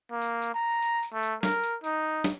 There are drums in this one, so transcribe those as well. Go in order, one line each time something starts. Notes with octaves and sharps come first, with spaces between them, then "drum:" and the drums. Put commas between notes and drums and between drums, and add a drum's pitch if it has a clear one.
A#3
drum: tambourine
drum: tambourine
A#5
drum: tambourine
drum: tambourine
A3
drum: tambourine
A#4, drum: snare
drum: tambourine
D#4, drum: tambourine
drum: snare